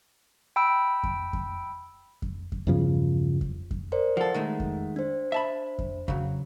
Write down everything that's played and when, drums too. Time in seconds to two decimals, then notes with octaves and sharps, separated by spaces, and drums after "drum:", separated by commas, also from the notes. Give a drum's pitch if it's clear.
0.56 G5 B5 E6 D7
1.03 drum: kick F2
1.33 drum: kick F2
2.22 drum: kick F2
2.52 drum: kick F2
2.67 E2 G2 C#3 F3
3.41 drum: kick F2
3.71 drum: kick F2
3.92 A#4 C5 D5
4.17 F3 A4 F#5
4.34 D#3 G#3 A3
4.60 drum: kick F2
4.96 D4 C5
5.32 E5 A5 B5
5.79 drum: kick F2
6.08 C#3 F#3, drum: kick F2